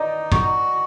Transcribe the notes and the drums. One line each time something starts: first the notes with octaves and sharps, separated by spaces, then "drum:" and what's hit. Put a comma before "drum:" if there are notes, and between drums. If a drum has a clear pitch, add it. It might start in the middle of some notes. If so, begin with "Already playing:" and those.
Already playing: D#4 D5 D#5
F#4, drum: kick